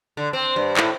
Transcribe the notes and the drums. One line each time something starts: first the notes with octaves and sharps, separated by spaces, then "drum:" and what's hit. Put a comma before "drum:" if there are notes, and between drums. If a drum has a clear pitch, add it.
D3
C4
G2
A2, drum: clap